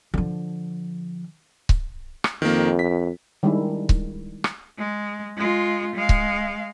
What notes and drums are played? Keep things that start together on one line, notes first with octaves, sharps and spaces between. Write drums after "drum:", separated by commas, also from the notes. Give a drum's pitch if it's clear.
D3 F3
drum: kick C#1
drum: rim click
F2 D#3 A#3
B6
D#3 G3 G#3 D4 E4
drum: kick C#1
drum: rim click
G#3
G#3 F4
G#3 F5
drum: kick C#1